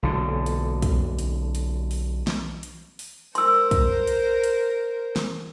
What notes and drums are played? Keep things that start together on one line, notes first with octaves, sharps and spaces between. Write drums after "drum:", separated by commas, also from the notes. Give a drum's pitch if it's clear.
B1 D3
drum: hi-hat
drum: kick, hi-hat
drum: hi-hat
drum: hi-hat
drum: open hi-hat
drum: snare
drum: hi-hat
drum: open hi-hat
A#4 C5 C6 E6, drum: hi-hat
drum: kick, hi-hat
drum: hi-hat
drum: hi-hat
drum: snare